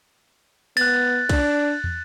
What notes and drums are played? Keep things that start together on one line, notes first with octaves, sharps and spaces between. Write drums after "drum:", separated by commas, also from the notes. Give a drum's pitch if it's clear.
B3 F#6 A6, drum: cymbal
D4, drum: kick B1, cymbal
drum: tom